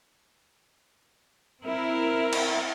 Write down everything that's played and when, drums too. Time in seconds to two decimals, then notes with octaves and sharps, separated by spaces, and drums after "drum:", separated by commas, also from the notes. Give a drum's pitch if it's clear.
1.64 C4 E4 A#4
2.33 drum: cymbal